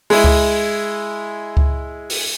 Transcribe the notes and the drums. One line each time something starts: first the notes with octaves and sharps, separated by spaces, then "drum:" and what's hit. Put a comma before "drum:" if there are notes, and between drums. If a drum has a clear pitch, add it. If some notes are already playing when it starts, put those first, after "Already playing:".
G#3 E4, drum: open hi-hat
drum: kick C#2
drum: kick C#2
drum: open hi-hat